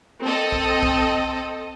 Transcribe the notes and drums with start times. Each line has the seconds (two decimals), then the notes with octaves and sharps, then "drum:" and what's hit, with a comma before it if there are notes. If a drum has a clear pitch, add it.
0.22 C4 A4 D#5
0.52 drum: kick
0.83 drum: kick